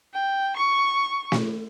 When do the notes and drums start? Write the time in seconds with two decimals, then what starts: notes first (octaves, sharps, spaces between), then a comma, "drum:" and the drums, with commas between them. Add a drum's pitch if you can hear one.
0.14 G5
0.56 C#6
1.32 drum: snare